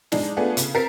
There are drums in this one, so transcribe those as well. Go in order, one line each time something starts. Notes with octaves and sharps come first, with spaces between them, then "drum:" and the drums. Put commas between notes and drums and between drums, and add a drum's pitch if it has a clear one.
G#3 D4 D#4, drum: snare
A3 B3 D4 F4 G#4
C#3, drum: hi-hat
C4 A#4 A#5 A6 B6 C7